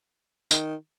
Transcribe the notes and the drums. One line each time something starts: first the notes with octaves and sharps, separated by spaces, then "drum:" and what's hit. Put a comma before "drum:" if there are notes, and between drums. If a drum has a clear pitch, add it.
D#3, drum: tambourine